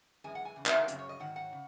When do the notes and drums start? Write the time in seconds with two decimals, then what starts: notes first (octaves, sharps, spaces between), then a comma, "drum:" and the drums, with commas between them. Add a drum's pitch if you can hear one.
0.24 F#2 E3 G#3 G#5
0.35 F#5
0.45 G#5
0.56 E2 C#3
0.66 E5, drum: clap
0.77 A#4
0.88 F#2 C#3 F#3, drum: hi-hat
0.99 C#5
1.09 D#5
1.20 G#2 D#3 F#3 F#5
1.36 F#5
1.53 C#3